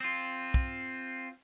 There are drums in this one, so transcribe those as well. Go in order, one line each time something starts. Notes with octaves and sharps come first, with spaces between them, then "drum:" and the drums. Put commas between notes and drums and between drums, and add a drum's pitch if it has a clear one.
C4 F4
drum: tambourine
drum: kick, tambourine
drum: tambourine